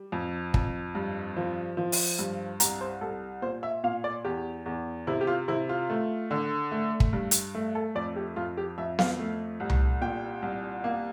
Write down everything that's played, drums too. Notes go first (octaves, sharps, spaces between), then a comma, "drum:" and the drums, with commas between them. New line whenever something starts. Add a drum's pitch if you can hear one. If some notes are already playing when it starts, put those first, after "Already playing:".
Already playing: G3
F2
F2, drum: kick
G2
F3
F3
drum: open hi-hat
G2
C2 A#5, drum: hi-hat
C5
C2 A4
A#2 C5
E5
A#2 F5
D5
E2 G4
E2
C3 E4
G4
F4
C3 E4
F4
A3
D3
A3
drum: kick
G2
drum: hi-hat
A3
A4
F2 D5
G4
F2 F4
G4
F2 E5
F5, drum: snare B3
A3
C2
drum: tom C2
A#2 G5
C2
A#3